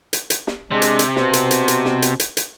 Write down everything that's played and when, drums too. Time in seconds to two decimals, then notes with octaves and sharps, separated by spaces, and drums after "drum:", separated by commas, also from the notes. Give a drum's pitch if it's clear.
0.13 drum: hi-hat
0.30 drum: hi-hat
0.47 drum: snare
0.71 C3 G#3 D4
0.82 drum: hi-hat
0.99 drum: hi-hat
1.16 B2 C5, drum: snare
1.33 drum: hi-hat
1.51 drum: hi-hat
1.68 drum: hi-hat
1.85 drum: snare
2.02 drum: hi-hat
2.20 drum: hi-hat
2.37 drum: hi-hat